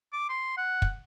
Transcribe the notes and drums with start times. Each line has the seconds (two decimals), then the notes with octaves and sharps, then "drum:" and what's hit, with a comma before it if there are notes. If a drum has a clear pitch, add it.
0.13 D6
0.29 C6
0.57 F#5
0.82 drum: kick